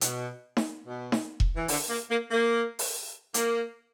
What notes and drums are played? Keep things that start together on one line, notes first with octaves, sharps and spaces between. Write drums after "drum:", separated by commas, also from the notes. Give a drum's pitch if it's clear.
B2, drum: hi-hat
drum: snare D#4
B2
drum: snare D#4
drum: kick E1
E3
D3, drum: open hi-hat
A#3
A#3
A#3
drum: open hi-hat
A#3, drum: hi-hat